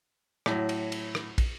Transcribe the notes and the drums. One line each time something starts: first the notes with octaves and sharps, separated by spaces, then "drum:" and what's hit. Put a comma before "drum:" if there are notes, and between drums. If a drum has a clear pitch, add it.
A2 F#3, drum: rim click
drum: cymbal
drum: cymbal
drum: rim click
drum: kick, cymbal